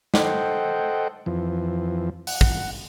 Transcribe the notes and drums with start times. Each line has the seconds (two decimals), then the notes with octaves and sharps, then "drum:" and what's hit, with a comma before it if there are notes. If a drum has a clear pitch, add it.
0.14 A4 C5 D#5 F#5 G5, drum: snare
1.26 F2 E3 F3
2.27 F#5, drum: open hi-hat
2.41 drum: kick